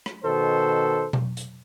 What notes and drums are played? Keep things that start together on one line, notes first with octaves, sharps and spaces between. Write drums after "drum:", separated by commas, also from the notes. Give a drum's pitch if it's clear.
drum: rim click
B2 D#3 A4 C5
drum: tom B2
drum: hi-hat